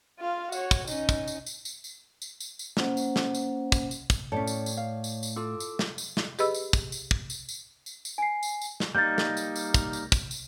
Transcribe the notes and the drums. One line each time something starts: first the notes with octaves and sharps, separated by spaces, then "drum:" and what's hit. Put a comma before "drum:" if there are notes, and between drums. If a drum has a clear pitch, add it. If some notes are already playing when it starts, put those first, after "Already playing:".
F4 F5
F#4 C#5, drum: tambourine
drum: kick, tambourine
C#4 D#4, drum: tambourine
drum: kick, tambourine
drum: tambourine
drum: tambourine
drum: tambourine
drum: tambourine
drum: tambourine
drum: tambourine
drum: tambourine
A#3 C#4 C5 F#5, drum: snare
drum: tambourine
drum: snare
drum: tambourine
drum: kick, tambourine
drum: tambourine
drum: kick, tambourine
A2 C#4 A4 C#5 D5
drum: tambourine
drum: tambourine
F5
drum: tambourine
drum: tambourine
F4 A4 D6 E6
drum: tambourine
drum: snare
drum: tambourine
drum: snare
G4 G#4 B4 D#5 B5 E6, drum: tambourine
drum: tambourine
drum: kick, tambourine
drum: tambourine
drum: kick
drum: tambourine
drum: tambourine
drum: tambourine
drum: tambourine
G#5 C7
drum: tambourine
drum: tambourine
drum: snare
G3 A#3 D#4 G6 A6
drum: snare
drum: tambourine
drum: tambourine
drum: kick, tambourine
drum: tambourine
drum: kick, tambourine
drum: tambourine